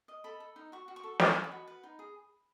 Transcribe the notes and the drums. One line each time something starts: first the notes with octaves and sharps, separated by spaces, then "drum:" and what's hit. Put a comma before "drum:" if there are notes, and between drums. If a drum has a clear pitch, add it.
D#5
A4 B5
A4
D#4
F#4 C#6
F#4
C#6
A4
A4 A5, drum: snare
D#5
B5
F#4
B4
D#4
G#4